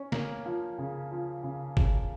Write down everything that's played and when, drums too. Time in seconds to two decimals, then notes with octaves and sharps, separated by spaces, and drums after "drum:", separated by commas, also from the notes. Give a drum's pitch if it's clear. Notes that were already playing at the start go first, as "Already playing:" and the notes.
Already playing: C#4
0.12 A#3, drum: snare
0.46 F3
0.78 C#3
1.11 F3
1.43 C#3
1.77 C#3, drum: kick